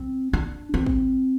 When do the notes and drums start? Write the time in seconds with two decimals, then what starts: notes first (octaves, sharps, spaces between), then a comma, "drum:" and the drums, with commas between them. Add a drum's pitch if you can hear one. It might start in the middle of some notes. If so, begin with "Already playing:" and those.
Already playing: C4
0.33 D4
0.74 C4
0.86 drum: kick